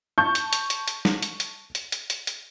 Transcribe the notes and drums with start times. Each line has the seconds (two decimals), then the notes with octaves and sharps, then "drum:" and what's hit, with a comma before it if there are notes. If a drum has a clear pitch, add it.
0.18 A5 C#6 G6
0.35 drum: hi-hat
0.53 drum: hi-hat
0.70 drum: hi-hat
0.88 drum: hi-hat
1.05 drum: snare
1.22 drum: hi-hat
1.40 drum: hi-hat
1.75 drum: hi-hat
1.92 drum: hi-hat
2.10 drum: hi-hat
2.27 drum: hi-hat